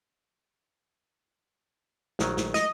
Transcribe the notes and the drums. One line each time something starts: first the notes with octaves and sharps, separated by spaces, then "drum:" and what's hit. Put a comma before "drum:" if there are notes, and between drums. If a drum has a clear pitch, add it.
A#1 D#3 F#3, drum: snare
drum: snare
D#5, drum: snare